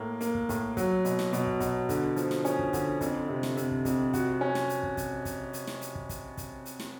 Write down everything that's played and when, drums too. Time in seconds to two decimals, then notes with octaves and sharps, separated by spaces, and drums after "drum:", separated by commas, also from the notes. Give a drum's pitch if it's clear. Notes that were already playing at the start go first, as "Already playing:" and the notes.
Already playing: A2 A#3
0.21 A#3, drum: hi-hat
0.35 drum: kick
0.49 A2, drum: kick, hi-hat
0.77 F#3, drum: kick, hi-hat
1.05 B2, drum: hi-hat
1.19 drum: snare
1.33 B2, drum: hi-hat
1.47 drum: kick
1.60 B2, drum: kick, hi-hat
1.89 D3, drum: kick, hi-hat
2.16 F3, drum: hi-hat
2.31 drum: snare
2.45 C#4, drum: hi-hat
2.59 drum: kick
2.73 D3, drum: kick, hi-hat
3.01 F2, drum: kick, hi-hat
3.29 C3
3.43 drum: snare
3.57 C3, drum: hi-hat
3.71 drum: kick
3.85 F2, drum: kick, hi-hat
4.13 F#4, drum: kick, hi-hat
4.41 C#4
4.55 drum: snare
4.69 drum: hi-hat
4.83 drum: kick
4.97 drum: kick, hi-hat
5.25 drum: kick, hi-hat
5.53 drum: hi-hat
5.67 drum: snare
5.81 drum: hi-hat
5.95 drum: kick
6.09 drum: kick, hi-hat
6.37 drum: kick, hi-hat
6.65 drum: hi-hat
6.80 drum: snare